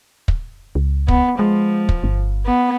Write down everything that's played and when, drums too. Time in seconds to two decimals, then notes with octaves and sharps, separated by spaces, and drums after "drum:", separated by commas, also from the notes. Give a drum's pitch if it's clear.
0.28 drum: kick
0.75 C#2
1.08 B3, drum: kick
1.39 F3 G#3
1.89 drum: kick
2.03 G1
2.46 B3